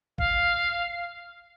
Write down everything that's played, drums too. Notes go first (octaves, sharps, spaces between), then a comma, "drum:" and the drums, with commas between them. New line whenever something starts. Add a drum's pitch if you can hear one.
F5, drum: kick G#1